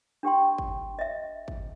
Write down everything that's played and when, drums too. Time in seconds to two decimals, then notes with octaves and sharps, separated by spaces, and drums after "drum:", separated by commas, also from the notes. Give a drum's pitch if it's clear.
0.23 D4 G4 G5 C6
0.58 drum: kick
0.99 D#5 E5
1.48 drum: kick